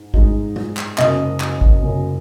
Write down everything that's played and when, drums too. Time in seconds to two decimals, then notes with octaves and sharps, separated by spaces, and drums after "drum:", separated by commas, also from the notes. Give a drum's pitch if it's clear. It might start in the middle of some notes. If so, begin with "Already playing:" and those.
Already playing: G#2
0.14 G#2 G#3 D#4, drum: kick
0.56 drum: tom
0.77 drum: clap
0.98 F#1 F#2 C#3 D#5, drum: clap
1.40 drum: clap
1.61 drum: kick
1.83 F#1 F#2 C#3